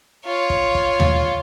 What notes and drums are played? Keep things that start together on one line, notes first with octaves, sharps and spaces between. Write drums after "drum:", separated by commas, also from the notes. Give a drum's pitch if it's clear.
F4 C#5
drum: kick
drum: kick
drum: tom D#2